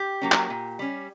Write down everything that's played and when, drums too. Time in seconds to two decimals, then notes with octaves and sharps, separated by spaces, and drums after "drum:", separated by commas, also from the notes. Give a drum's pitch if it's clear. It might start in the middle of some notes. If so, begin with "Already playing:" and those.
Already playing: G4
0.22 F#3 A#3 C#4
0.32 drum: clap
0.50 A#2
0.79 G3 C#4